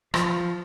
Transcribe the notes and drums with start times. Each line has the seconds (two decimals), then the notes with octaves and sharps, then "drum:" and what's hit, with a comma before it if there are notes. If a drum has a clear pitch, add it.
0.14 F3, drum: rim click